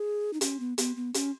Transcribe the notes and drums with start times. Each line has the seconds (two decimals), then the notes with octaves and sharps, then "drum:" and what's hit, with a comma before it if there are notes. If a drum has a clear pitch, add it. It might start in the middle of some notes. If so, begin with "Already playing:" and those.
Already playing: G#4
0.33 D#4
0.41 C#4, drum: hi-hat
0.60 B3
0.78 B3, drum: hi-hat
0.96 B3
1.14 C#4, drum: hi-hat